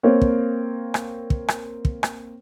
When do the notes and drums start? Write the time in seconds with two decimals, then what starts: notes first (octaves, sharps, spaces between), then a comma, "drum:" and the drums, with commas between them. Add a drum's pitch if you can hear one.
0.03 A#3 C4 C#5
0.22 drum: kick
0.94 drum: rim click
1.30 drum: kick
1.48 drum: rim click
1.85 drum: kick
2.03 drum: rim click